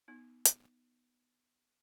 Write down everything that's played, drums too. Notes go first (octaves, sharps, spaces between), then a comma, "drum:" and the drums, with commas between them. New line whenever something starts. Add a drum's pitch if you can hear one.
B3 D#4
drum: hi-hat